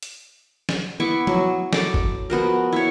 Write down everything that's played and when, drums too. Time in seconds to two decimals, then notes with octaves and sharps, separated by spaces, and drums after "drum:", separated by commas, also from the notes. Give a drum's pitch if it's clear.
0.03 drum: hi-hat
0.69 drum: snare
1.00 B3 E4 C#6 D6
1.27 F#3, drum: tom F3
1.73 A4 D6, drum: snare
1.94 drum: kick
2.30 F3 B3 F#4 A#4
2.72 E4 C#5